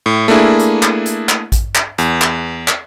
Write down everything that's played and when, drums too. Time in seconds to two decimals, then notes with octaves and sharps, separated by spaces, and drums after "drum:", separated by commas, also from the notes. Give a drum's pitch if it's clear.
0.06 A2
0.28 A3 A#3 D4 E4 G#4
0.59 drum: hi-hat
0.83 drum: clap
1.06 drum: hi-hat
1.29 drum: clap
1.52 drum: kick A1, hi-hat
1.75 drum: clap
1.98 E2, drum: hi-hat
2.22 drum: clap
2.68 drum: clap